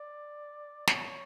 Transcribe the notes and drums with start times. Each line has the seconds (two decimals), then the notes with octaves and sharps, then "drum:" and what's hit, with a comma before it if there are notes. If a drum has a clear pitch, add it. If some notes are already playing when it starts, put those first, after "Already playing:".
Already playing: D5
0.88 C#5, drum: snare